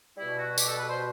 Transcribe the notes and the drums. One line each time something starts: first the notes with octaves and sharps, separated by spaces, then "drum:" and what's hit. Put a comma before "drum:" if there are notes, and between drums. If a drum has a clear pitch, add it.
B2 G3 E4
F#4
G4, drum: tambourine
A4
B4
C5